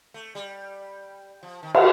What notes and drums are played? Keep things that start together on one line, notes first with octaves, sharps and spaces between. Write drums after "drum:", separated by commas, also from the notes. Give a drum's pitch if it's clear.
A3
G3
F3
D#3
D#3, drum: cymbal